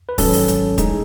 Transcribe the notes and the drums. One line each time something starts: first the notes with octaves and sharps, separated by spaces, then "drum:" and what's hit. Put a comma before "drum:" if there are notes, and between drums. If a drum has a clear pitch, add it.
B4
G#1 G#2 F#3 C#4 A4, drum: kick, open hi-hat
drum: open hi-hat
drum: hi-hat
A1 A2 G#3 D#4 G#4, drum: kick, hi-hat